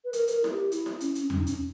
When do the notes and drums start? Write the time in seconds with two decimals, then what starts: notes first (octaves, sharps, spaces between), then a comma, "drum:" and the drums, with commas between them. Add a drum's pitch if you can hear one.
0.04 B4
0.13 A#4, drum: hi-hat
0.28 B4, drum: hi-hat
0.32 A#4
0.44 E4, drum: snare E4
0.52 G4
0.72 E4, drum: hi-hat
0.86 drum: snare E4
1.00 C#4, drum: hi-hat
1.15 drum: hi-hat
1.30 C#4, drum: tom E2
1.38 D#4
1.47 C#4, drum: hi-hat